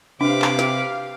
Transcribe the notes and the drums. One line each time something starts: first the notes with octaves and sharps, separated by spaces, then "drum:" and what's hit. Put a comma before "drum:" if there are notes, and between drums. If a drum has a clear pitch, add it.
C3 D4 G4 B4 F5 D6
drum: clap
drum: snare